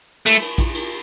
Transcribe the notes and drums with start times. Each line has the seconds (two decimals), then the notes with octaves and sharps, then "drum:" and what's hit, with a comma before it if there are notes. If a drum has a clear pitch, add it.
0.26 A3, drum: cymbal
0.42 drum: cymbal
0.58 drum: kick, cymbal
0.75 drum: cymbal